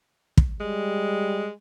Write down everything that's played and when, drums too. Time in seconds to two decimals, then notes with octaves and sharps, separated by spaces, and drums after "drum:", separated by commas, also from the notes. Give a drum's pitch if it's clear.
0.37 drum: kick
0.61 G3 G#3